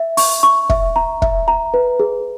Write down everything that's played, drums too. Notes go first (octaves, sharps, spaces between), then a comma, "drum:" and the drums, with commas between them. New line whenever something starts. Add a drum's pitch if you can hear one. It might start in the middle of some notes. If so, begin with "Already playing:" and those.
Already playing: E5
C#6, drum: open hi-hat
C#6
E5, drum: kick
A#5
E5, drum: kick
A#5
B4
G#4